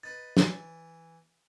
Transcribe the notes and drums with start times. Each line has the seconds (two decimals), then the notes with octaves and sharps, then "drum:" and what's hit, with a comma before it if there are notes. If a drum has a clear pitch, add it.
0.03 D#4 B4 A6
0.37 E3, drum: snare